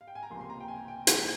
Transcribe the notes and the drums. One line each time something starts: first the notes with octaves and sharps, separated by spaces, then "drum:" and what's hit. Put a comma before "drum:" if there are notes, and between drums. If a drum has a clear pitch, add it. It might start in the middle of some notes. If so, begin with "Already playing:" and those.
F5
G5
G#5
A#5
C#2 C3 F3 A#3 C6
C6
A#5
G5
G#5
G5
C#2 C3 F3 A#3 A#5, drum: hi-hat